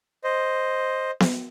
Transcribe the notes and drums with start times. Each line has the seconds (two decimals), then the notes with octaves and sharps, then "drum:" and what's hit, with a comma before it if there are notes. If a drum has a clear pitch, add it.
0.24 C5 D#5
1.20 drum: snare B3